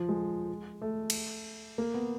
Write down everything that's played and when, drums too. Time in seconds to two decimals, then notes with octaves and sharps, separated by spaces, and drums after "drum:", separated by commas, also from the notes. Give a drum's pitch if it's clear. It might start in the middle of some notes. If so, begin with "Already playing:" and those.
Already playing: F3
0.09 G#3
0.82 A3
1.10 drum: cymbal
1.78 A#3
1.94 B3